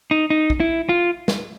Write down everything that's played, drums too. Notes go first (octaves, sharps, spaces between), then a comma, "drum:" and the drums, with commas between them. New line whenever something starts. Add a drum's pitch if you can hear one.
D#4
D#4
drum: kick
E4
F4
drum: snare